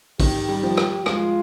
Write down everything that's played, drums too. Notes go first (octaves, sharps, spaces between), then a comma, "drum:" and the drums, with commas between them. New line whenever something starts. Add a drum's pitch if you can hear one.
D#3 G4, drum: kick, open hi-hat
G3
F3
drum: rim click
G#3 F4, drum: rim click